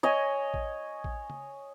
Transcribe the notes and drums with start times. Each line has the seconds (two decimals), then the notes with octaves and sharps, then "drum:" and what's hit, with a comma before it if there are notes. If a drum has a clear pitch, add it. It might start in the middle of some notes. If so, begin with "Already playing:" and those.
0.03 C#5 D#5 G#5
0.54 drum: kick A1
1.04 drum: kick A1
1.30 drum: tom C#3